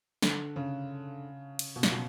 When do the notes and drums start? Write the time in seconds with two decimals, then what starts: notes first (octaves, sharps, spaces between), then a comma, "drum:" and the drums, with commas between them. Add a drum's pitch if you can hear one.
0.22 D3, drum: snare
0.56 C#3
1.59 drum: cymbal
1.76 B2
1.83 C#3, drum: snare
1.92 B2